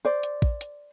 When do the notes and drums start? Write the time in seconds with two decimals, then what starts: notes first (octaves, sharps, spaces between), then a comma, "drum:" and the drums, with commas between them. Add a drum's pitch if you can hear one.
0.05 C5 D5
0.23 drum: hi-hat
0.42 drum: kick
0.61 drum: hi-hat